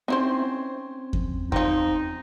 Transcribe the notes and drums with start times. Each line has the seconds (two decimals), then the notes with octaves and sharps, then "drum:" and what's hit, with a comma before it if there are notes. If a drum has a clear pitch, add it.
0.08 C4 C#4 D#4 E4 C5
1.13 drum: kick E2
1.52 F3 C4 D#4, drum: kick E2